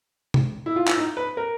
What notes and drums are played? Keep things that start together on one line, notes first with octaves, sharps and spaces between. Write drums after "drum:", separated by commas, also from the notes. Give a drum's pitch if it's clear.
drum: tom C3
E4
F4
E4, drum: clap
D#4
B4
A#4